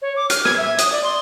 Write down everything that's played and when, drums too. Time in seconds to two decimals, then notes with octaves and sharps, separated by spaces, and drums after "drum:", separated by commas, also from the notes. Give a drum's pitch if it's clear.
0.02 C#5
0.16 D6
0.30 F6, drum: hi-hat
0.45 G#6, drum: rim click
0.58 E5
0.78 D#6, drum: hi-hat
0.92 D5
1.04 C6